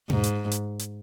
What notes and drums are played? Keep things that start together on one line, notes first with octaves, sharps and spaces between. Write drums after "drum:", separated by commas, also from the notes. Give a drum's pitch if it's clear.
G#2, drum: tom B2
drum: hi-hat
drum: hi-hat
drum: hi-hat